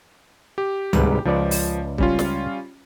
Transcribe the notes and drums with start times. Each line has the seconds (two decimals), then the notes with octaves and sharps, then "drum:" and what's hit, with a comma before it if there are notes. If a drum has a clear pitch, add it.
0.58 G4
0.93 C2 G#2 B4, drum: tom C#2
1.25 C#2 F3 B4 D5
1.51 drum: open hi-hat
1.98 G3 C#4 F4, drum: kick
2.19 drum: snare